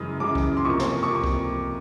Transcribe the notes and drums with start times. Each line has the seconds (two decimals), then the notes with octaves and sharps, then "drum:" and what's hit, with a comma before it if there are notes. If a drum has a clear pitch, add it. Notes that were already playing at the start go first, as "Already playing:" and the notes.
Already playing: F#2 C#3 E3 G#3 D#6
0.20 F#2 C#3 E3 G#3 D6
0.35 drum: kick C2
0.57 C6
0.65 F2 C3 F3 A#3 C#6
0.79 drum: snare
1.03 C#6
1.09 F2 C3 F3 A#3 D6
1.24 drum: kick C2